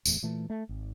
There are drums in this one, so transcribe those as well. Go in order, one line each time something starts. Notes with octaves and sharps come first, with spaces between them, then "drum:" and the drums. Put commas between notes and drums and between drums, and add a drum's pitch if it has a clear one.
D1 E2 A3, drum: tambourine
A#2 E3 A3
A3
G#1